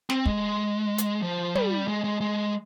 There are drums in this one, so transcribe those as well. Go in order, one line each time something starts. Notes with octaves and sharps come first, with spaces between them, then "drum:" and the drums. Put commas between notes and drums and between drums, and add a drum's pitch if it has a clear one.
C4, drum: snare
G#3, drum: kick
drum: hi-hat
F3
G3, drum: tom
G#3
G#3
G#3